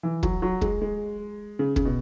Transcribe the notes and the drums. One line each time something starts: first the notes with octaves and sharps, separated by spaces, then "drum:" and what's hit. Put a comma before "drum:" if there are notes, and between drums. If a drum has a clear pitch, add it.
E3
F#3, drum: kick
F#3
G#3, drum: kick
G#3
C#3
C#3, drum: kick
B2